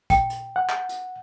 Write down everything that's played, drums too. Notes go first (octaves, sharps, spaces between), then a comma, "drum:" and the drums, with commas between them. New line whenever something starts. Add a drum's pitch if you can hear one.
G5, drum: kick, hi-hat
drum: hi-hat
F#5
drum: clap
drum: hi-hat